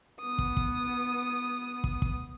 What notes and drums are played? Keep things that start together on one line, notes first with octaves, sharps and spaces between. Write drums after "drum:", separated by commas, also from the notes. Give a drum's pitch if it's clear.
B3 D#6
drum: kick
drum: kick
drum: kick
drum: kick